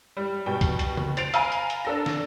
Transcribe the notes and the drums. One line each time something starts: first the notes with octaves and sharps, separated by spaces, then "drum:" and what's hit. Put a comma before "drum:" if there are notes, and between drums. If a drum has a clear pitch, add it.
G3
B2 G3 G5
drum: kick, hi-hat
drum: hi-hat
drum: tom C#3
C5 A6 C7 D7 F7, drum: hi-hat
F5 G#5 A#5 B5, drum: hi-hat
drum: hi-hat
drum: hi-hat
D4 A4 A#6
drum: snare